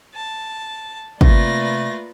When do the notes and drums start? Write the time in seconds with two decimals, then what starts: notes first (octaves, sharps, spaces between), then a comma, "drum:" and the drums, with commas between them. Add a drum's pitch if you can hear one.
0.14 A5
1.21 C3 A3 A#3 C4 F4 B4 D5 A#6, drum: kick